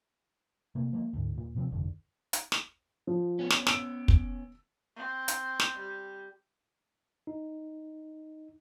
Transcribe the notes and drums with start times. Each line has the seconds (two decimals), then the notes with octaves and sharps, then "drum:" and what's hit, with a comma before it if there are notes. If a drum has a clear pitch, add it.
0.75 C3 A3 A#3
0.93 F3 G#3 A#3
1.13 D2 G#2
1.34 D#1 A#2
1.56 C3 F3 G3 C4
1.72 G1 C2 F2 D3
2.33 drum: hi-hat
2.52 drum: snare
3.07 F3
3.39 B3 C#4
3.50 drum: snare
3.67 E6 D7, drum: snare
4.08 drum: kick
4.96 C4
5.28 drum: hi-hat
5.60 drum: snare
5.77 G3
7.27 D#4